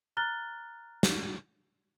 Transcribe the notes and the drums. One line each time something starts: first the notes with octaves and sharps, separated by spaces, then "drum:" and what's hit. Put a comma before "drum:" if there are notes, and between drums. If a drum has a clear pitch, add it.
A#5 F6 F#6 A6 G7
drum: snare